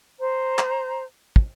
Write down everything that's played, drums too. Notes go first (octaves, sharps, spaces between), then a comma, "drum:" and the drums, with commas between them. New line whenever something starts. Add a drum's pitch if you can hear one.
C5 A#5
drum: clap
drum: kick